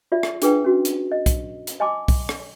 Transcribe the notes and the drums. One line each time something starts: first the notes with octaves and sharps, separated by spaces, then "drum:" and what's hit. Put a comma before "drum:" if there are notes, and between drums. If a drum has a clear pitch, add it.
F4 D5 E5
drum: rim click
D4 G#4 B4 G5, drum: hi-hat
C#4 F#4
drum: hi-hat
D#5
drum: kick B1, hi-hat
drum: hi-hat
D#5 G#5 A5 C6 D6
drum: kick B1, open hi-hat
drum: rim click